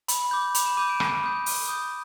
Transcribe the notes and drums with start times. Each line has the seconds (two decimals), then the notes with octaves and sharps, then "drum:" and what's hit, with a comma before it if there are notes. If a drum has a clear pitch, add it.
0.08 B5, drum: hi-hat
0.31 D6 G6
0.55 B5 F7, drum: hi-hat
0.66 E7
0.77 D6 G6 D#7
0.89 D7
1.00 B5, drum: rim click
1.23 D#6 G6
1.46 B5, drum: open hi-hat
1.69 D#6 G6